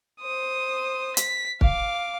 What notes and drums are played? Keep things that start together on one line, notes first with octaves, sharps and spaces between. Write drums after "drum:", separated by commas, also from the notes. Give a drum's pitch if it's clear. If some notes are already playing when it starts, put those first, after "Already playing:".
C5 D#6
B6, drum: hi-hat
F5 D6, drum: kick